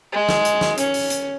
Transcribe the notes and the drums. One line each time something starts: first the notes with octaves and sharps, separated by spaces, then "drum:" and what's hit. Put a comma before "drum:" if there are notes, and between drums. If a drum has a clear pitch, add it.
G#3
drum: snare
drum: hi-hat
drum: snare
C#4, drum: hi-hat
drum: open hi-hat
drum: hi-hat